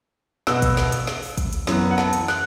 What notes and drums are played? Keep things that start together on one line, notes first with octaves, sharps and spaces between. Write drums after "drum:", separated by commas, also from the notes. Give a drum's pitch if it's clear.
B2 B3 E6, drum: snare
drum: kick, hi-hat
drum: snare
drum: hi-hat
drum: snare
drum: open hi-hat
drum: kick, hi-hat
drum: hi-hat
F#2 E3 B3, drum: snare
F#5
A5, drum: snare
drum: hi-hat
F#6, drum: snare